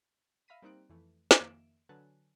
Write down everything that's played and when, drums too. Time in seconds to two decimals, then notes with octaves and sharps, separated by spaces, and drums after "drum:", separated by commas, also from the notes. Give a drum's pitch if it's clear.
0.48 E5 F5 B5 A#6 B6 D#7
0.62 G3 A#3 C4 D#4 F#6 D7
0.89 F2 E3 A3
1.31 drum: snare
1.40 F2 D#3 A#3 E5 D7 E7
1.89 D3 F#3 B4 G#5 A5 F#6